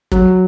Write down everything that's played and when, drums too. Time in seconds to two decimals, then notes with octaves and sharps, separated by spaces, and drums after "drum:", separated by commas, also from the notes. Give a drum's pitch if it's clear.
0.12 F#3, drum: kick